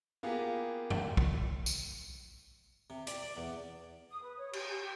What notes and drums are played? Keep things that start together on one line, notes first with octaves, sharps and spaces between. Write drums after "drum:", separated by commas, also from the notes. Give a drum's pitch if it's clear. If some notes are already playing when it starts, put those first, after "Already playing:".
A#3 B3 F4 G4 G#4
drum: tom
drum: kick
drum: tambourine
C3
D5, drum: hi-hat
D5
E2
D#6
B4
C#5
G4, drum: cymbal
G#5
G4